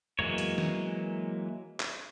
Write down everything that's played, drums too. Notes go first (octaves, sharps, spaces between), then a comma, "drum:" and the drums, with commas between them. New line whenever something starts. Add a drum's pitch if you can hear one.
E3 F#3 G#3 A#3 C#5, drum: tom
drum: hi-hat
drum: snare
drum: clap